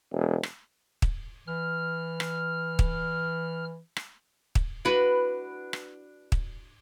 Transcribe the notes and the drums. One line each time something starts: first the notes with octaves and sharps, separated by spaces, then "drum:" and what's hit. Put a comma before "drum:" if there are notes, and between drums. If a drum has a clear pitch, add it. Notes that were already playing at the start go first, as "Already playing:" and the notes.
E1
drum: rim click
drum: kick
E3 F6
drum: rim click
drum: kick
drum: rim click
drum: kick
D4 F#4 B4
drum: rim click
drum: kick